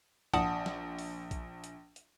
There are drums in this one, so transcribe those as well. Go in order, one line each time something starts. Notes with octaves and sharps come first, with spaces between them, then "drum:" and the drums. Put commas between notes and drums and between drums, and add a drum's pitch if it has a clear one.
A#1 F#5 A5 D#6, drum: kick A#1, hi-hat
drum: snare
drum: open hi-hat
drum: kick A#1, hi-hat
drum: hi-hat
drum: hi-hat